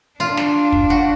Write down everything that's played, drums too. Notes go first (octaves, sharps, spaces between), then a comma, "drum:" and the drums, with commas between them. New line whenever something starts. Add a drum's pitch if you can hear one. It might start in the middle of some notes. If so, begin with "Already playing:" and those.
D4 F4
drum: snare
drum: kick
F#4